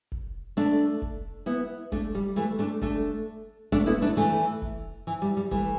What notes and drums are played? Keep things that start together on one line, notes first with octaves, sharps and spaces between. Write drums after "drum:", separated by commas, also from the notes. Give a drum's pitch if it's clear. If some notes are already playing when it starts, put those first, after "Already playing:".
drum: kick F1
A3 D4
drum: kick F1
B3 E4
A3 D4, drum: kick F1
G3
E3 A3
A3 D4
A3 D4, drum: kick F1
A3 D4, drum: kick F1
B3 E4
A3 D4
E3 A3
drum: kick F1
E3
G3
G3
E3 A3, drum: kick F1